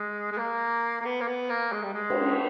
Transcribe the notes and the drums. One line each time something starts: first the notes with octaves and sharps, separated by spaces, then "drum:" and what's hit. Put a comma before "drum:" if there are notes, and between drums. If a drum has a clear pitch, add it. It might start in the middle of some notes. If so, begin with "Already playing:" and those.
Already playing: G#3
G#3
A#3
A#3
B3
A#3
B3
A#3
G#3
G3
G#3
drum: cymbal